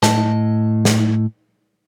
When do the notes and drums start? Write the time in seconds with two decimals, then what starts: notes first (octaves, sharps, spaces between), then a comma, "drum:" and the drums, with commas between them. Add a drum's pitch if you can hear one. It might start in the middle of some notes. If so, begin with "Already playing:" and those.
0.03 A2 D#5 A5, drum: snare
0.85 drum: snare